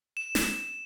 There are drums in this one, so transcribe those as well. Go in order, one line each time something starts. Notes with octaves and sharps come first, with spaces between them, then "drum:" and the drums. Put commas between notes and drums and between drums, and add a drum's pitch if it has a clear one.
E7
drum: snare